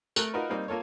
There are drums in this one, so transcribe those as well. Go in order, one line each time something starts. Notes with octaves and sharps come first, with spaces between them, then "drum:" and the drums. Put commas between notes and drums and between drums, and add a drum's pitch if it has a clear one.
A3 A4 A#4 F#6, drum: tambourine
D#4 F4 F#4 A#4 B4
G3 A#3 C4 D#4
A#3 F4 A4 C#5